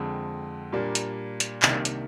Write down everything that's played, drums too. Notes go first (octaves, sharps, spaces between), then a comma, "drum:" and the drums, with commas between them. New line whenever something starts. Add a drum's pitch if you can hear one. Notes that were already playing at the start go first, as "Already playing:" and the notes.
Already playing: F2 D3 G#3 C4
A#2 G3 A#3 D4
drum: hi-hat
drum: hi-hat
C2 C3 D#3 A#3 D4, drum: clap
drum: hi-hat